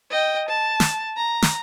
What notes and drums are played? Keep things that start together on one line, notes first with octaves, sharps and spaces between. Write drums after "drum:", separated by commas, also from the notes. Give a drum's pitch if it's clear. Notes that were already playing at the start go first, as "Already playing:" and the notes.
D#5 G5
A5
drum: snare
A#5
drum: snare